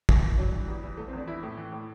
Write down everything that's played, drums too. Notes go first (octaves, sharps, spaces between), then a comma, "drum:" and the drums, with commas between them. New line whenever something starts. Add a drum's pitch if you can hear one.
E3, drum: kick
E3
G2 F#3
E3
E2 G3
E3
E2 A3
C4
E2 D4
E3 E4
A2
E3
A2